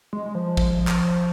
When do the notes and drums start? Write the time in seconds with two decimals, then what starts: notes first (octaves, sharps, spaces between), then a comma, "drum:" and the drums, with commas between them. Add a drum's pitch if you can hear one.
0.13 G#3
0.26 G#3
0.35 F3
0.57 drum: kick
0.87 drum: clap